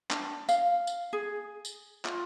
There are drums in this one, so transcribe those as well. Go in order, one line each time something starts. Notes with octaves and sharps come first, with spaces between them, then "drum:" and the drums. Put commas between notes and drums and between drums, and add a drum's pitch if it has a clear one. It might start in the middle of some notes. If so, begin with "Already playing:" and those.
D4, drum: clap
F5, drum: tambourine
drum: tambourine
G#4
drum: tambourine
F4, drum: clap